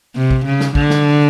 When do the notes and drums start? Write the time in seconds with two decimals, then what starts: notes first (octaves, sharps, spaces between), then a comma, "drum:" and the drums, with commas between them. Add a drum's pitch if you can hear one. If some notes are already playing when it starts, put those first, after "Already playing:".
0.16 C3
0.31 drum: kick
0.45 C#3
0.60 drum: snare
0.75 D3, drum: kick
0.90 drum: snare